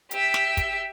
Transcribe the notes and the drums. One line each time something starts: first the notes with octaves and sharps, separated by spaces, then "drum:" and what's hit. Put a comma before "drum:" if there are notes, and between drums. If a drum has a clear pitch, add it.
G4 E5, drum: hi-hat
drum: snare
drum: kick, hi-hat